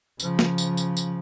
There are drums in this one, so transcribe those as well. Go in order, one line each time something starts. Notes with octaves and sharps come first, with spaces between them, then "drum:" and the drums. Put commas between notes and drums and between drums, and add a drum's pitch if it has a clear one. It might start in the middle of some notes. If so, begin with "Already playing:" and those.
C#3 F3, drum: tambourine
drum: snare
drum: tambourine
drum: tambourine
drum: tambourine